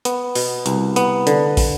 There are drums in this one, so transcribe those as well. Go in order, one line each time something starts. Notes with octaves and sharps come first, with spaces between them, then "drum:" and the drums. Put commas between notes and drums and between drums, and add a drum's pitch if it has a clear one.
B3, drum: hi-hat
B2, drum: open hi-hat
C2, drum: hi-hat
B3, drum: hi-hat
D3, drum: hi-hat
drum: kick, open hi-hat